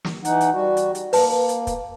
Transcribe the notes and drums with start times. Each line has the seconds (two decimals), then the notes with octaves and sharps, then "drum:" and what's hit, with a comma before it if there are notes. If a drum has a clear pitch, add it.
0.05 drum: snare
0.25 E3 D#4 F#5, drum: hi-hat
0.41 drum: hi-hat
0.54 G3 F#4
0.77 drum: hi-hat
0.95 drum: hi-hat
1.13 A#3 B4 A5, drum: open hi-hat
1.49 drum: hi-hat
1.67 drum: kick, hi-hat